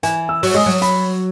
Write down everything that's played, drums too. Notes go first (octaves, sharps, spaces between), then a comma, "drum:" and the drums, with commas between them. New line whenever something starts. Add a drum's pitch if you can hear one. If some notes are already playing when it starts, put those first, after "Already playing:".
E3 G#5, drum: hi-hat
E6
F#3, drum: open hi-hat
G#3 D#6
F#3
B5, drum: hi-hat